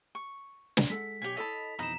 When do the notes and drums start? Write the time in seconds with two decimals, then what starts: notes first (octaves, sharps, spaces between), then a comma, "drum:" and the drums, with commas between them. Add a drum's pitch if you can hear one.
0.15 C#6
0.77 drum: snare
0.90 G#3 A4 F#5 B6
1.22 B1 G4 C#5 G#5 B6 F7
1.37 E4 A4 C#5 D#5 A5 B5
1.79 F2 B2 E3 D#4 A#5 B5 D#6 E7